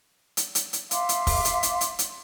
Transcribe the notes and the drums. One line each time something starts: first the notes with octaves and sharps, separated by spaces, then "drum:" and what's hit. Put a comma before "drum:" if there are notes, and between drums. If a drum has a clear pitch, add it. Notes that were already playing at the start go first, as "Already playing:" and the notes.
drum: hi-hat
drum: hi-hat
drum: hi-hat
E5 F5 C6 D6, drum: hi-hat
drum: hi-hat
drum: kick, open hi-hat
drum: hi-hat
drum: hi-hat
drum: hi-hat
drum: hi-hat